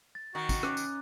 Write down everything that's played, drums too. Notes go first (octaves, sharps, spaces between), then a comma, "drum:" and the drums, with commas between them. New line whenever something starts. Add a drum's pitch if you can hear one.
A6
D#3 F#4
drum: kick, tambourine
C#4 D6 F#6, drum: rim click
drum: tambourine